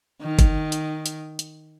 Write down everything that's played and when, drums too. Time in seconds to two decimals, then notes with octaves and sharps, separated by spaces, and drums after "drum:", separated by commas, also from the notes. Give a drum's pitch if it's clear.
0.22 D#3
0.39 drum: kick, hi-hat
0.72 drum: hi-hat
1.06 drum: hi-hat
1.39 drum: hi-hat